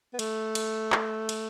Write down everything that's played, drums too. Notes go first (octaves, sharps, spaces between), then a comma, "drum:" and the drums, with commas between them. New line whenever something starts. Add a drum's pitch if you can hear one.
B3
A3, drum: cymbal
drum: cymbal
drum: clap
drum: cymbal